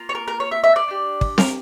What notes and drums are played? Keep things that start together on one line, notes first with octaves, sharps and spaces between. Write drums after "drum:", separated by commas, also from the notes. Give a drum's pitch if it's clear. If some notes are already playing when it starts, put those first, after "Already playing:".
Already playing: A#3 F4
C#5
A#4
A#4
C#5
E5
E5
D5
D4 G4
drum: kick
A#4, drum: snare C4